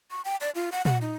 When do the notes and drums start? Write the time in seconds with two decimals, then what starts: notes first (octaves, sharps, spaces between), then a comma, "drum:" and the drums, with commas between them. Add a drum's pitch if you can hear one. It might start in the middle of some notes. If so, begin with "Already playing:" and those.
0.11 C#6
0.25 G5
0.41 D5
0.55 F4
0.72 F#5
0.85 F#5, drum: tom A#2
1.02 D#4